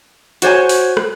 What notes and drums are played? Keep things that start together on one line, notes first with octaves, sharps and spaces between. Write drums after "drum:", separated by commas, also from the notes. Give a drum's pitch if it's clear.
F#4 C5 C#5 G#5, drum: hi-hat
drum: open hi-hat
drum: rim click